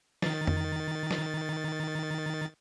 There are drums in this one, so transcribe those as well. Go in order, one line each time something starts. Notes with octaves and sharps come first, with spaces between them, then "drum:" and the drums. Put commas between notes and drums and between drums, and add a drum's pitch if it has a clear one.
D#3 A6, drum: snare
drum: tom F2
drum: snare